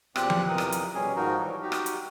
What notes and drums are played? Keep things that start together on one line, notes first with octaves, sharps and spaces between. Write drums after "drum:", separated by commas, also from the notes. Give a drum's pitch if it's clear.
E2 A#2 C4 G4 F#6, drum: rim click
drum: tom F3
F2 C3 E3 A#4 D#6
drum: rim click
drum: hi-hat
B2 G3 C#4 G#4
G#2 D#3 F3 D#4 F#4 A#4
E3 F#3 G3
D#4 F#4 G4
drum: rim click
drum: hi-hat